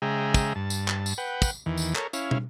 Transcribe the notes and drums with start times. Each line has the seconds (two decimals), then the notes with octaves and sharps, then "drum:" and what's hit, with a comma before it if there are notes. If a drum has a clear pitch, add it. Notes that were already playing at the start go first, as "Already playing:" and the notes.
0.02 C#3 G#3 G#4 E5 G5 A#5
0.34 drum: kick, tambourine
0.55 G2 A5
0.70 drum: tambourine
0.88 drum: clap
1.06 drum: tambourine
1.18 B4 F#5 G5
1.42 drum: kick, tambourine
1.66 E2 D#3 E3
1.78 drum: tambourine
1.95 A4 A#4 C#5, drum: clap
2.13 C#4 E4 F5, drum: tambourine
2.31 drum: tom